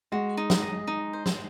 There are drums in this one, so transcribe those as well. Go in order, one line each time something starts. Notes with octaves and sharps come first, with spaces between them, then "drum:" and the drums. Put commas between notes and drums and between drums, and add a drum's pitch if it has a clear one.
G#3 F#4
D#4
drum: snare
D#5
D#4
C5
drum: snare